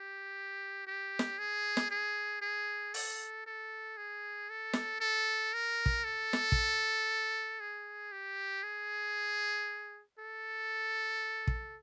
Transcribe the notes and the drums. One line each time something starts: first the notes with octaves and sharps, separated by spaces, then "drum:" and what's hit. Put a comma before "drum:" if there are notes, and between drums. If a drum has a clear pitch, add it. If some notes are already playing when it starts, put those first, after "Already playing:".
Already playing: G4
G4
drum: snare
G#4
drum: snare
G#4
G#4
A4, drum: open hi-hat
A4
G#4
A4
drum: snare
A4
A#4
drum: kick
A4
drum: snare
drum: kick
G#4
G4
G#4
A4
drum: kick